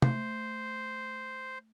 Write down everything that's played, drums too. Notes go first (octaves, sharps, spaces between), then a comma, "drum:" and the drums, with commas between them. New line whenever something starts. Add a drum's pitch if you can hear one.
A3 C5, drum: tom